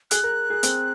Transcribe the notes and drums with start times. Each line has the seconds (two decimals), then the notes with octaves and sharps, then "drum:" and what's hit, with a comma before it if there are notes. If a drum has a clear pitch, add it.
0.11 G#4 F#6, drum: hi-hat
0.23 A#4
0.50 G#4
0.63 C4, drum: hi-hat